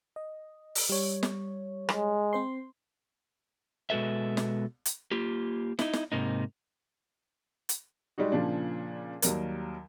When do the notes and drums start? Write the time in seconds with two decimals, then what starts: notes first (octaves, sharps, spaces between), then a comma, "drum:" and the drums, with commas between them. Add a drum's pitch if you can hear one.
0.16 D#5
0.75 drum: open hi-hat
0.89 G3 C#5
1.23 drum: snare
1.89 G#3, drum: rim click
2.33 C4 C5 C6
3.90 B2 G#3 F#4 A4 B4 E5
4.37 drum: snare
4.85 drum: hi-hat
5.11 A#3 F4 G4
5.79 D#4 E4, drum: snare
5.93 drum: snare
6.12 G#2 C3 A#3 D#4
7.69 drum: hi-hat
8.18 G3 G#3 D#4 F#4
8.32 A#2 C#3 F3 D4
9.22 D#2 F#3 G3 A#4, drum: hi-hat